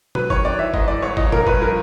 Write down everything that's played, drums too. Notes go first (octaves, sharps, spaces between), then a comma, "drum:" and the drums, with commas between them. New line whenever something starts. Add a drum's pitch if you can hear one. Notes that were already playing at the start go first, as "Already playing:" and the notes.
F#3 B4, drum: tom B2
D#3 C#5, drum: kick G1
C3 D5
E3 E5
G#2 D#5, drum: kick G1
E3 D5
C2 C#5
F3 D#5, drum: kick G1
A#2 A#4, drum: tom A#2
G2 B4, drum: kick G1
F3 A#4